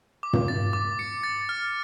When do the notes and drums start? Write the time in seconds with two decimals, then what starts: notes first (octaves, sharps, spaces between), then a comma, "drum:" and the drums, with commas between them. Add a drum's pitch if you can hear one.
0.23 D6
0.33 drum: tom
0.48 A6
0.73 D6
0.99 C#7
1.23 A6
1.49 F6